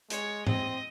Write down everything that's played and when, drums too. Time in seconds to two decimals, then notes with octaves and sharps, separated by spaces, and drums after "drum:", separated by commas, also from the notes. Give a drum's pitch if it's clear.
0.10 G#3 C#5, drum: hi-hat
0.47 C4 D#5, drum: tom G#2